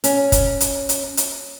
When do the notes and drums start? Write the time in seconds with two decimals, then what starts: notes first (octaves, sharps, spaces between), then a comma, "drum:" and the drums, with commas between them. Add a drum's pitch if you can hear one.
0.04 C#4, drum: hi-hat
0.32 drum: kick, hi-hat
0.60 drum: hi-hat
0.89 drum: hi-hat
1.17 drum: hi-hat